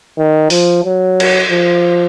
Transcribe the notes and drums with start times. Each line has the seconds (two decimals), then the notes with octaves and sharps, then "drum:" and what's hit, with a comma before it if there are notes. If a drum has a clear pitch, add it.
0.18 D#3
0.50 F3, drum: open hi-hat
0.85 F#3
1.20 drum: cymbal
1.51 F3